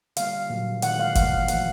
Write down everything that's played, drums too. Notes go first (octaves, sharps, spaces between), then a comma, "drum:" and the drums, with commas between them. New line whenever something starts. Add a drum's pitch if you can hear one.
D3 G3 A#3 F5, drum: hi-hat
A#2 F#3 A#3
D#3 G#3 F#5, drum: hi-hat
F5
C3 E3 A3 F5, drum: kick F#1, hi-hat
A#2 F3 A#3 F#5, drum: hi-hat